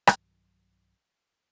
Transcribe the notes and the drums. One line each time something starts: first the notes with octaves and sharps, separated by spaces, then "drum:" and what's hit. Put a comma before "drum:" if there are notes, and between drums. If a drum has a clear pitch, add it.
B1 G2 D#3 F#3, drum: rim click